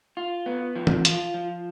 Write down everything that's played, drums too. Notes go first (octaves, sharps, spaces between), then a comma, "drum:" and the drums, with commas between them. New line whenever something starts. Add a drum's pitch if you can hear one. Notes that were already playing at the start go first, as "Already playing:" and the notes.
F4
B3
F3
drum: tom E3
F4, drum: hi-hat
F3